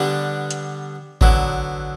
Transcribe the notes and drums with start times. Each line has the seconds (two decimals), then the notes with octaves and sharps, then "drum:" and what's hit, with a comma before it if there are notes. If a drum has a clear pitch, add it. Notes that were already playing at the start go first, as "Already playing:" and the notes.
Already playing: D3 G3 B3 D4
0.51 drum: hi-hat
1.21 D3 F#3 B3 E4, drum: kick G#1